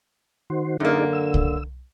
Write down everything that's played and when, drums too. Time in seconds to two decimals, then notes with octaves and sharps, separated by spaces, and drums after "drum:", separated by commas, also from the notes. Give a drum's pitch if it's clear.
0.50 D#3 F#4 C5
0.80 F#2 D3 A#3 D#4 G#4 D5
1.13 E6
1.34 drum: kick C2